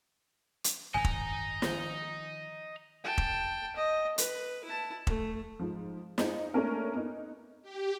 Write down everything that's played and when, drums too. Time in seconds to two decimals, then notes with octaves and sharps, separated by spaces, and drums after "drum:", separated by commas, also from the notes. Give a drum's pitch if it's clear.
0.64 drum: hi-hat
0.94 G#1 F#2 D#5 G#5 A#5
1.04 drum: kick
1.62 D#3 F3, drum: snare
3.04 G5 A5
3.18 drum: kick
3.76 D#5
4.18 B4, drum: hi-hat
4.64 E4 A5
5.07 A3, drum: kick
5.59 G#2 F3
6.18 G#3 D#4, drum: snare
6.54 A3 A#3 C#4 D4 A#4
6.94 B3 D#4
7.62 G4